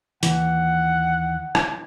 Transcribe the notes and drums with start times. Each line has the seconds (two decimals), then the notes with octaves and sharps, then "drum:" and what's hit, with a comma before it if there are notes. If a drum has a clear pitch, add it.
0.23 D#2 E3 F#5, drum: hi-hat
1.55 drum: rim click